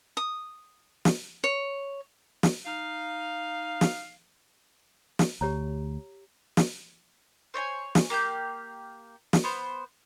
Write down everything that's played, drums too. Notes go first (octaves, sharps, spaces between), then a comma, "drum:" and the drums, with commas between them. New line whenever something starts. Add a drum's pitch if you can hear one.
D#6
drum: snare
C#5
drum: snare
D#4 F5
drum: snare
drum: snare
D2 G4 C#5 A#5
drum: snare
C5 C#5 E5 G#5
drum: snare
A#3 G4 F5 G6
drum: snare
B3 C5